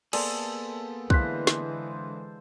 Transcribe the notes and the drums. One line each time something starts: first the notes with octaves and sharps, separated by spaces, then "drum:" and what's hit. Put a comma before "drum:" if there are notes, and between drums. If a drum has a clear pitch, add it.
A#3 B3 G#4 A4 C5 D5, drum: cymbal
D3 E3 G#3 C5 F5 F#6 B6, drum: kick
drum: snare